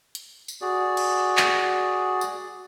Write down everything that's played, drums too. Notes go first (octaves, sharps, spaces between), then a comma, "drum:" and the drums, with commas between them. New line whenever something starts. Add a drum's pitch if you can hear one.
drum: hi-hat
drum: tambourine
F#4 G#4 D5
drum: cymbal
drum: clap
drum: tambourine